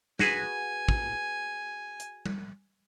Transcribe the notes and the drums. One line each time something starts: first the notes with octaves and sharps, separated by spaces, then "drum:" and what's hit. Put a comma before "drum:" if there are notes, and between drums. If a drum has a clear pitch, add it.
F#4 G#4 B4 G#5, drum: snare
drum: kick
drum: hi-hat
drum: tom G3